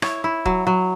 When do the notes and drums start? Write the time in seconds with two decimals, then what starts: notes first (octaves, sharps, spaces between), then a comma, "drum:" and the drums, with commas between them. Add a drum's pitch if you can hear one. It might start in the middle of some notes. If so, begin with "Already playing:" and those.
0.02 E4 C#5, drum: rim click
0.24 E4
0.46 F#3, drum: kick D#1
0.67 F#3